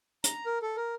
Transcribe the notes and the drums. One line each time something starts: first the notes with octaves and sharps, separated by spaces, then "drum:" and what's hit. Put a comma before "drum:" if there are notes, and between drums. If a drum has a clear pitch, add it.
A#5, drum: hi-hat
A#4
A4
A#4